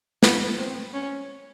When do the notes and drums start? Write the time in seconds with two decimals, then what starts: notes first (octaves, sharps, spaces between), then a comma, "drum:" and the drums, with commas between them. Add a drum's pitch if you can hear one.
0.23 B3, drum: snare
0.58 C4
0.93 C#4